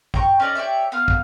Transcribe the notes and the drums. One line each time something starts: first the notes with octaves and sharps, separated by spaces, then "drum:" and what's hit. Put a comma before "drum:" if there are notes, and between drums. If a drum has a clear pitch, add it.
G5 A#5 C#6, drum: kick
C#4 D#4 D5 A#5
G4 C#5 D5 E5
B3 F5 A#5 F6
drum: kick